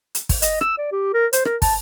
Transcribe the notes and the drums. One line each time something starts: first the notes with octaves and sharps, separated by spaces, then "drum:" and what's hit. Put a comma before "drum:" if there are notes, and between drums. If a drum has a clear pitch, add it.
drum: hi-hat
drum: kick, open hi-hat
D#5, drum: hi-hat
E6, drum: rim click
D5
G4
A#4
C5, drum: hi-hat
A#4, drum: rim click
A5, drum: kick, open hi-hat